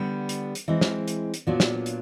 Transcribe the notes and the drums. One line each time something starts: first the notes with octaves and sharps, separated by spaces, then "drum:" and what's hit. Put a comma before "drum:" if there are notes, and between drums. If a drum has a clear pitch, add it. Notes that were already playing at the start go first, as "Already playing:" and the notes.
Already playing: D3 G3 B3
drum: hi-hat
drum: hi-hat
E3 G#3 C4
drum: snare
drum: hi-hat
drum: hi-hat
A#2 F#3 B3 D4 F4
drum: snare
drum: hi-hat